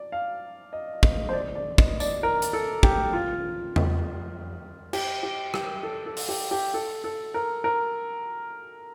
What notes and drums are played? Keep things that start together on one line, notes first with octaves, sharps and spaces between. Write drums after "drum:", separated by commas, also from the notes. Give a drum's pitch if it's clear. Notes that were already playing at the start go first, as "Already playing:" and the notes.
Already playing: D5
F5
D#5
D#5, drum: kick
C5
D5
D5
D#5, drum: kick
D5, drum: tambourine
A#4
drum: hi-hat
A4
G4, drum: kick
F4
drum: tom E2
G4, drum: cymbal
G4
G4, drum: rim click
A4
A4
drum: open hi-hat
G4
G4
A4
A4
A#4
A#4